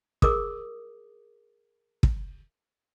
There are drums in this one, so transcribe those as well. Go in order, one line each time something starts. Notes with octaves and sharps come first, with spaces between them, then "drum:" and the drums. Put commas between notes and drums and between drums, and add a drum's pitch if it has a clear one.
G#4 A#4 D6 D#6, drum: kick
drum: kick